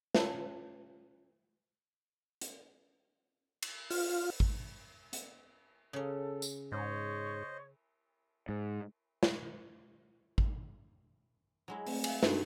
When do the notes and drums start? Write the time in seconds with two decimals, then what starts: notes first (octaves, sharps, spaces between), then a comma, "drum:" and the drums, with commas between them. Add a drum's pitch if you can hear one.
0.15 C#4 F4 A4 B4, drum: snare
2.41 drum: hi-hat
3.62 drum: cymbal
3.90 F4, drum: open hi-hat
4.40 drum: kick G#1
5.13 drum: hi-hat
5.93 C#3 C#4 A4
6.42 drum: tambourine
6.72 G#2 C5 C#5 D#5
8.49 G#2
9.23 drum: snare
10.38 drum: kick G#1
11.68 F#3 G#3 E4
11.87 A3 C4, drum: open hi-hat
12.04 E5 F5 G#5, drum: cymbal
12.23 G2 D#4 F#4 A4, drum: snare